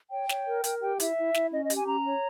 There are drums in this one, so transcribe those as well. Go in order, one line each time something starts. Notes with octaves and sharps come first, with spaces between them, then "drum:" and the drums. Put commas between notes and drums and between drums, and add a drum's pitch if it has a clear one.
C#5 G5
C#5, drum: snare
A#4
A#4, drum: hi-hat
G4 G5
E4 E5, drum: hi-hat
E4
E4, drum: snare
C#4 D#5
D#5
G4, drum: hi-hat
G#5
C#4 A#5
C#5